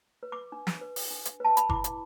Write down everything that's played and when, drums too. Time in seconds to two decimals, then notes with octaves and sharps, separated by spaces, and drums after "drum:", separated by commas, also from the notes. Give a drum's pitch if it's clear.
0.23 B4
0.32 D6
0.52 D4
0.67 drum: snare
0.81 B4
0.96 drum: open hi-hat
1.11 D4
1.25 drum: hi-hat
1.40 B4 A5
1.57 B5, drum: hi-hat
1.69 E4 D6, drum: kick F#1
1.84 drum: hi-hat